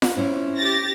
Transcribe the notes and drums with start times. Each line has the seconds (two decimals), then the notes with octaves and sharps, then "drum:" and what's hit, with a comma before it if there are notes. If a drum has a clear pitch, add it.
0.02 drum: snare F4
0.17 C#4 E4 C5
0.57 G4 A6 A#6